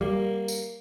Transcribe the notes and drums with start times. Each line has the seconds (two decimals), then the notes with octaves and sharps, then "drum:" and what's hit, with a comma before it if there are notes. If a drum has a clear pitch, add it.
0.01 G3 A#3
0.48 drum: tambourine